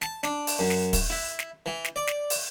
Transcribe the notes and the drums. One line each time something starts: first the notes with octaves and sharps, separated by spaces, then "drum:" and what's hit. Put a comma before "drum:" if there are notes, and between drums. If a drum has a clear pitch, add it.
A5, drum: snare
D4, drum: snare
drum: open hi-hat
F#2
drum: snare
drum: kick, open hi-hat
E4
drum: snare
E3
drum: snare
D5
drum: snare
drum: open hi-hat